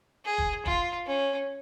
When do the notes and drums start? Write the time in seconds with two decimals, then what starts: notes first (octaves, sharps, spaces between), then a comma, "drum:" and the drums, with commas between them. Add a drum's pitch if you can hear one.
0.25 G#4
0.38 drum: kick
0.66 F4, drum: kick
1.06 C#4